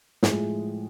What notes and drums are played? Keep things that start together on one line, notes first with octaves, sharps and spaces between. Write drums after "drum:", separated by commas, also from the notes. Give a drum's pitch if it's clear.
A2 F3 G#3, drum: snare